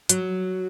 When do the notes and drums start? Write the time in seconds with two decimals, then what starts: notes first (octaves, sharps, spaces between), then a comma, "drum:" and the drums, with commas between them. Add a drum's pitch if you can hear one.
0.09 F#3, drum: hi-hat